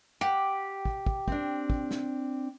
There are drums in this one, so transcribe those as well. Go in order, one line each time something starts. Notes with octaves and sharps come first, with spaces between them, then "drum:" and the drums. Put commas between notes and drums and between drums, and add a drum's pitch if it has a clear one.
G4 F#5
drum: kick
drum: kick
C4 D4, drum: kick
drum: kick
drum: snare